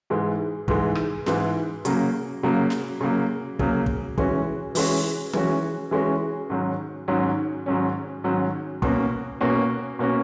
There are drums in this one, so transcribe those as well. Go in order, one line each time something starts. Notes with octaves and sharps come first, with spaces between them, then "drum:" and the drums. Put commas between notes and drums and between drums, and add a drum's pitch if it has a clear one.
G#2 E3 G#3
G#2 E3 G#3, drum: kick
drum: rim click
G#2 E3 G#3, drum: snare
C#3 F#3 A#3, drum: hi-hat
C#3 F#3 A#3
drum: snare
C#3 F#3 A#3
C#3 F#3 A#3, drum: kick
drum: kick
E3 G#3 C#4 F#4, drum: kick
E3 G#3 C#4 F#4, drum: open hi-hat
E3 G#3 C#4 F#4, drum: tom E3
E3 G#3 C#4 F#4
G#2 D#3 F#3 C#4
G#2 D#3 F#3 C#4
G#2 D#3 F#3 C#4
G#2 D#3 F#3 C#4
B2 A#3 C#4 F#4, drum: kick
B2 A#3 C#4 F#4
B2 A#3 C#4 F#4